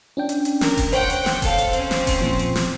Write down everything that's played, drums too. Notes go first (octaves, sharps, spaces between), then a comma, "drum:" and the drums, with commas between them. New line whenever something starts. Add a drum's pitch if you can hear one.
C#4 D4 G5
drum: hi-hat
drum: hi-hat
A#4, drum: snare
drum: kick E1, open hi-hat
C5 C#5 F#5 G5, drum: hi-hat
drum: hi-hat
drum: snare
A4 F5, drum: kick E1, open hi-hat
drum: hi-hat
C4 C#4, drum: hi-hat
drum: snare
drum: kick E1, open hi-hat
A#2 F3 C6
drum: hi-hat
drum: snare